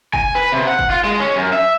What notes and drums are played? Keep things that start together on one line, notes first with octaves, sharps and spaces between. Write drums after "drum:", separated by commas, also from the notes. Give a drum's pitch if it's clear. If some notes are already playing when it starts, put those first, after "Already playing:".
G#5, drum: kick
B4
C3
F#5
drum: kick
F4
G#3
C#4
F#2
E5